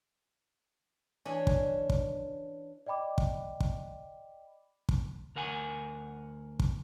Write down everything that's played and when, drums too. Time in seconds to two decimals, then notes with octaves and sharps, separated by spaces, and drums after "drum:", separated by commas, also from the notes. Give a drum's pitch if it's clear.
1.25 E3 C#4 D4 G#5
1.47 drum: kick
1.90 drum: kick
2.86 D5 D#5 G5 B5 D6
3.18 drum: kick
3.60 drum: kick
4.89 drum: kick
5.35 D2 A#4 F#5 G#5
6.60 drum: kick